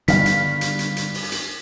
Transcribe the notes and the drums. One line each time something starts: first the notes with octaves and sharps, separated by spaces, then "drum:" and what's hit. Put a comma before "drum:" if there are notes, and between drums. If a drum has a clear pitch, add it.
G2 D3 D#3 B3 F5 B6, drum: hi-hat
drum: hi-hat
drum: hi-hat
drum: hi-hat
drum: hi-hat
drum: open hi-hat
drum: hi-hat